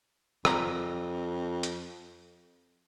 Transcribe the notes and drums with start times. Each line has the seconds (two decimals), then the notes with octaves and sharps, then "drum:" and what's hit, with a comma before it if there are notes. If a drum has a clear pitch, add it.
0.45 F2 D5 A#5 B5, drum: rim click
1.63 drum: hi-hat